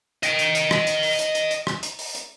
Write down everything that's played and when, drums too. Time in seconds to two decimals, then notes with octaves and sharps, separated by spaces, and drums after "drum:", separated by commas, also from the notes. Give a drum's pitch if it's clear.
0.23 D#5 G5, drum: hi-hat
0.39 drum: hi-hat
0.55 drum: hi-hat
0.71 drum: rim click
0.87 drum: hi-hat
1.03 drum: open hi-hat
1.19 drum: hi-hat
1.35 drum: hi-hat
1.51 drum: hi-hat
1.67 drum: rim click
1.83 drum: hi-hat
1.99 drum: open hi-hat
2.15 drum: hi-hat